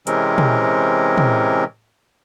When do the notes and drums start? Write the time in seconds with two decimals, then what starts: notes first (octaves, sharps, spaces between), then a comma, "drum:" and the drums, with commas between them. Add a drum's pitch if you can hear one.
0.07 C3 E3 G#3 C4 C#4 A#4, drum: hi-hat
0.38 drum: tom
1.18 drum: tom